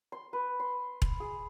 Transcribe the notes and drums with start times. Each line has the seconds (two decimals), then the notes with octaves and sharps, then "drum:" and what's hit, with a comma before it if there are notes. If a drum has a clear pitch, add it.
0.12 C6
0.33 B4
0.60 C6
1.02 drum: kick E1
1.20 G#4